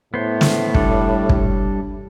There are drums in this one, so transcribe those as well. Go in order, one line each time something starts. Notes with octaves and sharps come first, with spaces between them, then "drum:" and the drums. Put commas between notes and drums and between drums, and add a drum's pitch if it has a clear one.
A2 B3 C5
drum: snare
G3 D4 A4, drum: kick
drum: kick